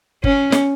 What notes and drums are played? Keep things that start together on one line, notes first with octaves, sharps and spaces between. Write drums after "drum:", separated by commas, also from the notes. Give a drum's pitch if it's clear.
C#4, drum: kick G1
drum: snare